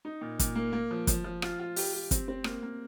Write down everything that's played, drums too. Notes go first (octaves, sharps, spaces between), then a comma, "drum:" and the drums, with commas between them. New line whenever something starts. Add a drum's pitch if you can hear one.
D#4
A#2
A#2, drum: kick, hi-hat
A#3
A#3
F3
F3, drum: kick, hi-hat
F3
F4, drum: rim click
F4
G4, drum: open hi-hat
G4
C4, drum: kick, hi-hat
C4
A#3, drum: rim click
A#3